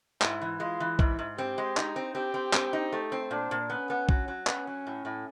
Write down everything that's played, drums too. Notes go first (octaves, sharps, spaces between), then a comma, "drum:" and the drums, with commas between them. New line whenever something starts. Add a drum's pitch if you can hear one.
G#2 E4, drum: clap
E3
G#3 F4
E3
G#2 E4, drum: kick B1
G#2
C4 G4
G#3
D#4, drum: clap
C4
C4 G4
C4
C4, drum: clap
D#4
A3
C4
A#2 D4
A#2
B3 C#4
B3
F#3, drum: kick B1
F#3
B3 C#4, drum: clap
F#3
A2
A2